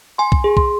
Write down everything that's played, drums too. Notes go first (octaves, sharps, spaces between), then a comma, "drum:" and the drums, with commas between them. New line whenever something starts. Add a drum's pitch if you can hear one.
G#5 C6
drum: kick B1
G#4
C6, drum: kick B1